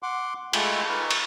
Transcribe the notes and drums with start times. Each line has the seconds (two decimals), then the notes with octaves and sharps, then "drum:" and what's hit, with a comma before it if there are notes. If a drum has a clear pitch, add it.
0.03 F#5 C6 D6
0.53 G#3 A3 F4 G5 G#5 B5, drum: cymbal
0.89 D#4 B4 C#6 F6
1.11 drum: cymbal